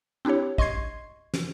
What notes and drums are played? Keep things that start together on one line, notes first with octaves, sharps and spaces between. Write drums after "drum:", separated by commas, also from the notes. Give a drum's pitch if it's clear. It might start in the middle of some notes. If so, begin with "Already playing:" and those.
C4 D4 E4 G4 C#5
D#5 C6 C#6 G#6 C7, drum: kick A#1
drum: snare